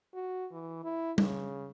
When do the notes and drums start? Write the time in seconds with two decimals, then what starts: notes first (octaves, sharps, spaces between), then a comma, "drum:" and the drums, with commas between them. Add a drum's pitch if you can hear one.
0.14 F#4
0.52 E3
0.84 E4
1.18 C#3, drum: tom G3